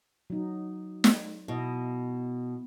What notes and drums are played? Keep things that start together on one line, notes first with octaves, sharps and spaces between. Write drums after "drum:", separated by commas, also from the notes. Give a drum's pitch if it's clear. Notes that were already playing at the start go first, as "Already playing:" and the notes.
F#3 D#4
drum: snare
B2 E4 D#5